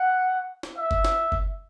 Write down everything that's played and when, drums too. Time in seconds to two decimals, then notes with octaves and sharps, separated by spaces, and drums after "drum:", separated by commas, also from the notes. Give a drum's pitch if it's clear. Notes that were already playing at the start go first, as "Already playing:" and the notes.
Already playing: F#5
0.63 drum: snare
0.77 E5
0.91 drum: kick F#1
1.05 drum: snare
1.32 drum: kick F#1